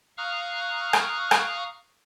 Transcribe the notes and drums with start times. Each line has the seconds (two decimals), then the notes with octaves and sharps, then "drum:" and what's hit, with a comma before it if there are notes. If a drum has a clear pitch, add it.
0.18 F5 A#5 C#6 D#6 F6 F#6
0.93 drum: rim click
1.31 drum: rim click